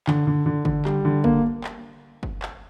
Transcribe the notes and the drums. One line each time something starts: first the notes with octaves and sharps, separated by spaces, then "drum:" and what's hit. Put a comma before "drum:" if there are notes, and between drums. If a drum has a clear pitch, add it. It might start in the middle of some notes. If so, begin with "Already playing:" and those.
D3, drum: clap
D3
D3
D3, drum: kick F#1
G3, drum: clap
D3
A#3, drum: kick F#1
drum: clap
drum: kick F#1
drum: clap